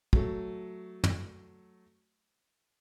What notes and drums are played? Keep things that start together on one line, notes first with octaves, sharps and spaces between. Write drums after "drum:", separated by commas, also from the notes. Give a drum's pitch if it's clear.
F#3 A3, drum: kick
drum: tom